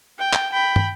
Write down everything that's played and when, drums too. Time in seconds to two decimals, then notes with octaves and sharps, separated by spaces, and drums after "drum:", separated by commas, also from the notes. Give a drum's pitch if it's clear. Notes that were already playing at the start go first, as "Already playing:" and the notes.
0.19 G5
0.33 drum: clap
0.53 G5 B5
0.76 drum: tom